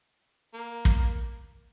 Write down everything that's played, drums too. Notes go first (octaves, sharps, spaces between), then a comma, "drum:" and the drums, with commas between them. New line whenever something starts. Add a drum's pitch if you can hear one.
A#3
drum: kick